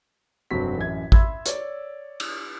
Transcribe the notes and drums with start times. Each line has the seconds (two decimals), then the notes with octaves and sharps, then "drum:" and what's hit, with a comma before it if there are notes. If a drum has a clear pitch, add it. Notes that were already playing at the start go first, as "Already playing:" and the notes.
0.51 F1 G2 F#3 C4 F#4 B6
0.78 A1 F#2 G#6
1.12 E5 B5 C6 E6 G#6, drum: kick G#1
1.46 C#5 D5, drum: hi-hat
2.20 drum: cymbal